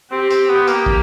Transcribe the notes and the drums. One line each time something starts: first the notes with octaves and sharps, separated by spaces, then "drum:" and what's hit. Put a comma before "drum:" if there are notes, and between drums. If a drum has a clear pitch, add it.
C4 G4
C4, drum: hi-hat
B3
A#3 G4, drum: hi-hat
drum: kick